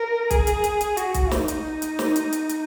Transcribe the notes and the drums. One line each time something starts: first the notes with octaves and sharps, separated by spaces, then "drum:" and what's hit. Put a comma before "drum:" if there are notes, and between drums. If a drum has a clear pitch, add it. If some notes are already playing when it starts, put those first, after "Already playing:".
Already playing: A#4
G#4, drum: kick, hi-hat
drum: hi-hat
drum: hi-hat
drum: hi-hat
F#4, drum: hi-hat
drum: kick, hi-hat
D#4, drum: snare
drum: hi-hat
drum: hi-hat
drum: snare
drum: hi-hat
drum: hi-hat
drum: hi-hat